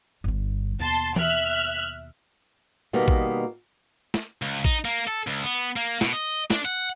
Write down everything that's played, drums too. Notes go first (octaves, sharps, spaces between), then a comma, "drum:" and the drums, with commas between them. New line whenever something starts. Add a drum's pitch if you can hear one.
G1 G2
D#2 B2 A5 C6
drum: tambourine
E5 F6 F#6, drum: tom E3
B2 D#3 G3 A#3 B3
drum: kick A1
drum: snare
C#2
D#4, drum: kick A1
A#3
A4
C#2
B3, drum: tambourine
A#3
B2, drum: snare
D#5
D4, drum: snare
F#5, drum: tambourine